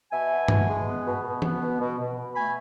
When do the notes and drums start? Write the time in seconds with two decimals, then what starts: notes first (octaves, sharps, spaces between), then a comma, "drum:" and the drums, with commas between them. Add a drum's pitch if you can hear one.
0.11 B2 E5 G#5
0.30 B3
0.48 B2, drum: tom G2
0.67 G#3
0.87 B3
1.05 B2
1.24 B2
1.42 B3, drum: tom E3
1.61 B2
1.79 B2
1.98 B2
2.17 B2
2.35 A3 G#5 B5